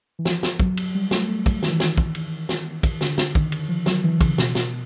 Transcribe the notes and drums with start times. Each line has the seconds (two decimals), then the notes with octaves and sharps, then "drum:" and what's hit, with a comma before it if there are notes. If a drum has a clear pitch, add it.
0.19 E3
0.25 F3, drum: snare
0.43 drum: snare
0.60 F#3, drum: kick
0.77 drum: cymbal
0.95 G3
1.11 A3, drum: snare
1.29 A3
1.46 drum: kick, cymbal
1.63 D#3, drum: snare
1.71 E3
1.80 D#3, drum: snare
1.98 drum: kick
2.15 drum: cymbal
2.49 drum: snare
2.83 drum: kick, cymbal
3.01 D3, drum: snare
3.18 drum: snare
3.35 D#3, drum: kick
3.52 drum: cymbal
3.69 F3
3.86 F#3, drum: snare
4.04 E3
4.21 C#3, drum: kick, cymbal
4.38 B2, drum: snare
4.55 drum: snare